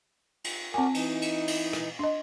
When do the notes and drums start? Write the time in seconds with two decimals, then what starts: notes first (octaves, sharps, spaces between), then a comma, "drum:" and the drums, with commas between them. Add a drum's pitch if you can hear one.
0.44 drum: cymbal
0.74 C4 F#4 A#4 D5 G#5
0.94 E3 D#4, drum: cymbal
1.22 drum: cymbal
1.48 drum: cymbal
1.73 drum: rim click
1.99 D4 D#5